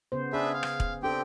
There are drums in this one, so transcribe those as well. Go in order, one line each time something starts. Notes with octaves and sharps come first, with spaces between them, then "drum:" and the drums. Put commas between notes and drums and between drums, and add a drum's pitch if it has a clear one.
C#3 B3 C5
D4 G#4 B4 E5
F5
drum: rim click
drum: kick
C4 D4 G4 A4 G5